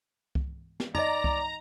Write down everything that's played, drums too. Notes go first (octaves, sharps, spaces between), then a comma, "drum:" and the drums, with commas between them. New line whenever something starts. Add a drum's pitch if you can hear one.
drum: kick C2
drum: snare
D#4 D5 D#5 A#5, drum: tom F2
drum: kick C2